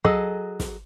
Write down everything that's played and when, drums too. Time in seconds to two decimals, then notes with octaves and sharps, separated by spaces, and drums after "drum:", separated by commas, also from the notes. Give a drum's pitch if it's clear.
0.04 F#3 G#4 A4 D#5, drum: kick
0.60 drum: snare